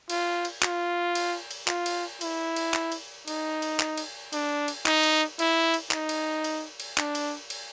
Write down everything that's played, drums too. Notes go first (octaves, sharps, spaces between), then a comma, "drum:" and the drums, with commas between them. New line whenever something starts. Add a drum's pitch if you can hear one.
F4, drum: cymbal
drum: cymbal
F4, drum: clap
drum: cymbal
drum: cymbal
F4, drum: clap
drum: cymbal
E4, drum: cymbal
drum: cymbal
drum: clap
drum: cymbal
D#4, drum: cymbal
drum: cymbal
drum: clap
drum: cymbal
D4, drum: cymbal
drum: cymbal
D#4, drum: clap
drum: cymbal
E4, drum: cymbal
drum: cymbal
D#4, drum: clap
drum: cymbal
drum: cymbal
drum: cymbal
D4, drum: clap
drum: cymbal
drum: cymbal